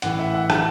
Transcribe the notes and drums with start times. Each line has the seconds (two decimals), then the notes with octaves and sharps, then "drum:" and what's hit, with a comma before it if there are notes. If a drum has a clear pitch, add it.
0.02 A1 A2 E3 F#5, drum: hi-hat
0.19 E5
0.34 F#5
0.50 A5, drum: rim click